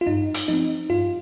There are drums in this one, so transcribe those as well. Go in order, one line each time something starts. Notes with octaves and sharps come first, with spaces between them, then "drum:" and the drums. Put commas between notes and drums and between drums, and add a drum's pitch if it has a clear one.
F4
G2 D#4
drum: hi-hat
F3 C4 D#4
G2 F4